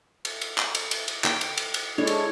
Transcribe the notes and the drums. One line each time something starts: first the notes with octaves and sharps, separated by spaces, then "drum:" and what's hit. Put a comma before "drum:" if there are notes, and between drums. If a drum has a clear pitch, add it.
drum: cymbal
drum: cymbal
drum: clap
drum: cymbal
drum: cymbal
drum: cymbal
G5, drum: clap
drum: cymbal
drum: cymbal
drum: cymbal
G#3 D4 E4 A4 C#5
drum: cymbal